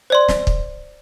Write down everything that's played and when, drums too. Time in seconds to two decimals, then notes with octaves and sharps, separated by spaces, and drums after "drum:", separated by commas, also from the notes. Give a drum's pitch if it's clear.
0.10 C5 D5 C6
0.29 drum: snare
0.47 drum: kick